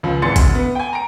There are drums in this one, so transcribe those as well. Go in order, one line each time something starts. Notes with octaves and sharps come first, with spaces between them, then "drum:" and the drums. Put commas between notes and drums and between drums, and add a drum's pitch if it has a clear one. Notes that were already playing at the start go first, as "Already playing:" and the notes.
C#2 F3
G#1 E3 G#3 C6 A6 C#7
D2, drum: kick, hi-hat
B3
G5 G#5
A#5 D7